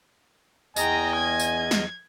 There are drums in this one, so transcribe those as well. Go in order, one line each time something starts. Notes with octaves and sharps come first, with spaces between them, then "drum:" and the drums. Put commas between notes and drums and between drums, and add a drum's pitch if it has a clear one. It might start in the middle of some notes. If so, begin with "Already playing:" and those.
E2 D#5 G5 G#5 A#5, drum: tambourine
G#6
drum: tambourine
drum: snare